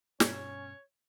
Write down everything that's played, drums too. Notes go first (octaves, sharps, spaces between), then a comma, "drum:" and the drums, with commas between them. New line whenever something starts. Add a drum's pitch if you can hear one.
G2 B2 C#4 C#5, drum: snare